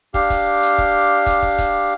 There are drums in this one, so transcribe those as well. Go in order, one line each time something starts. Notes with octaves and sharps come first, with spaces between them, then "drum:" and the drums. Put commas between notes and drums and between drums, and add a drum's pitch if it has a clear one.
D4 G4 F5, drum: kick
drum: kick, hi-hat
drum: hi-hat
drum: kick
drum: kick, hi-hat
drum: kick
drum: kick, hi-hat